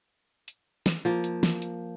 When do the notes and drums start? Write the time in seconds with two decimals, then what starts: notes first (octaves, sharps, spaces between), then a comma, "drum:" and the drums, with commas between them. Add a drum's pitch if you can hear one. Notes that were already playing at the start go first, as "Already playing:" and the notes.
0.48 drum: hi-hat
0.86 drum: snare
1.05 F3 A#3
1.24 drum: hi-hat
1.43 drum: snare
1.62 drum: hi-hat